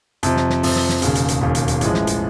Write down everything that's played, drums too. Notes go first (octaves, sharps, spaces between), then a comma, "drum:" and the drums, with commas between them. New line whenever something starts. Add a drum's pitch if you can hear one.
F2 C3 F3, drum: hi-hat
drum: snare
drum: snare
F2 C3 F3, drum: open hi-hat
drum: snare
drum: snare
E1 D#2 C#3, drum: hi-hat
drum: hi-hat
drum: hi-hat
E1 D#2 C#3
drum: hi-hat
drum: hi-hat
A1 A2 F3 G#3, drum: hi-hat
drum: snare
drum: hi-hat